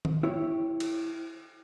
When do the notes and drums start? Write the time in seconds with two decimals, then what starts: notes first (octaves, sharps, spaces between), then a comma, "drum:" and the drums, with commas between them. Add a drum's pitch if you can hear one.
0.05 drum: tom D#3
0.23 E4 G4 C#5
0.80 drum: cymbal